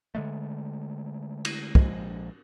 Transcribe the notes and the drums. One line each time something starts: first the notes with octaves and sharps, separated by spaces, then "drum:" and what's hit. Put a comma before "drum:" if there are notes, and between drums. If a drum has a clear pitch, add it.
D3 G#3 A3
drum: cymbal
A#1 F3 G#3, drum: kick